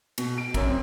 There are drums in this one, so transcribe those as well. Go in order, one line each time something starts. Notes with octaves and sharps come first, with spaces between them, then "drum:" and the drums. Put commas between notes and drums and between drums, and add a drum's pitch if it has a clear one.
B2, drum: cymbal
D7
F#2, drum: kick, cymbal
C4